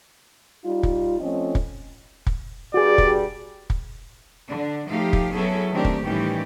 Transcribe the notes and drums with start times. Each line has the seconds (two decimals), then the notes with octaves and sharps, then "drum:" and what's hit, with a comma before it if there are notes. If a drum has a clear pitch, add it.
0.64 G3 D#4 F4
0.83 drum: kick
1.20 F3 A3 C4 C#4 D#5
1.55 drum: kick
2.27 drum: kick
2.74 G2 G3 F#4 G#4 D5
2.98 drum: kick
3.70 drum: kick
4.47 D3 D4
4.89 F3 A3 D#4 G4 F5
5.13 drum: kick
5.34 F#3 B3 C#4 E4 G#4 A4
5.72 D#3 A3 C4 D4 G4 A#4
5.85 drum: kick
6.03 A2 D#3 E3 G3 C#4 G4